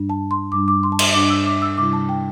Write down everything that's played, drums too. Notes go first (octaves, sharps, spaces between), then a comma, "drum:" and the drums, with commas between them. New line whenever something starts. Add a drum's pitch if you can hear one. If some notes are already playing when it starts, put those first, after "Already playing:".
Already playing: G2 G3 D4
A5
C6
G2 G3 D4 D6
D6
C6
A5
C6, drum: cymbal
G2 G3 D4 D6
E6
D6
E6
C3 G3 E4 D6
A5
G5